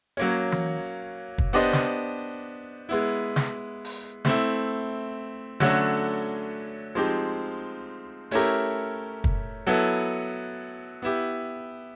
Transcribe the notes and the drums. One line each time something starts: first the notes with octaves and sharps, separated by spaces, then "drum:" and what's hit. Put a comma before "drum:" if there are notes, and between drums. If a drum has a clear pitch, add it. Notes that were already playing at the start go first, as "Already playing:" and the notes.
F#3 A#3 C#4
drum: tom E3
drum: kick
B3 D4 G4 C5 D#5
drum: snare
G#3 B3 E4
drum: snare
drum: open hi-hat
A3 C4 E4, drum: snare
D3 F#3 A3 C#4 F#4, drum: snare
F3 G#3 C4 D#4 G4
A3 C#4 E4 G4 A#4, drum: open hi-hat
drum: kick
F#3 B3 E4 A4
B3 E4 G4